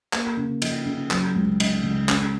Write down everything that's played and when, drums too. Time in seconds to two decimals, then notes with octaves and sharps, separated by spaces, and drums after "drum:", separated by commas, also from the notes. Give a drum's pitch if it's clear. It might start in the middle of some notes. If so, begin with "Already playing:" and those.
0.13 A#3, drum: clap
0.37 C#3
0.62 F3, drum: cymbal
0.86 C#3
1.11 F#3, drum: clap
1.36 C#2
1.60 C#3, drum: cymbal
1.84 C#2
2.09 C#4, drum: clap